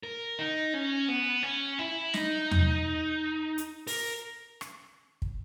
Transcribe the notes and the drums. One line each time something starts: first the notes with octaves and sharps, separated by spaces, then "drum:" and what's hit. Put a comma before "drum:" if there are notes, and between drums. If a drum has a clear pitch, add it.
A#4
D#4
C#4
B3
C#4
E4
D#4, drum: snare
drum: tom E2
drum: hi-hat
A#4, drum: open hi-hat
drum: rim click
drum: kick